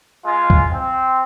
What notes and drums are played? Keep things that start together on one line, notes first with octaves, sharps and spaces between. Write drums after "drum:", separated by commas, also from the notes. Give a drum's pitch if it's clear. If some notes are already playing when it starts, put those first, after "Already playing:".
G#3 F4
drum: kick
C4